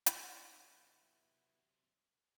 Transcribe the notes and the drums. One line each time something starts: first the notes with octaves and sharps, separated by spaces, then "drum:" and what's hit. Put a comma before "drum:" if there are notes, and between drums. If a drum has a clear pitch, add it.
drum: hi-hat
C3 F#3 B3 E4